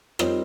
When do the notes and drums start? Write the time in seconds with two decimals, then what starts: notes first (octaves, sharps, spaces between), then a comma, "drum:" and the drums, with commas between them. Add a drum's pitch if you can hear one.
0.19 G3 C4 D#4 F4 A#4 C#5, drum: rim click